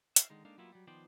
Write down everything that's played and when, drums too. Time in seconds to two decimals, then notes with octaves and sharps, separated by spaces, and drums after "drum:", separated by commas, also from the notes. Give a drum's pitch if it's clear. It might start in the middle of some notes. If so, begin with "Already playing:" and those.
0.16 E5 F5, drum: hi-hat
0.30 D3 D#3 G#3 D#4
0.45 G#3 A#3 D4 D#4 A4 F5
0.58 F#3 G3 A#3 B3 E4 F4
0.72 F#3 G3
0.87 D#3 F3 B3 C5 D5 G5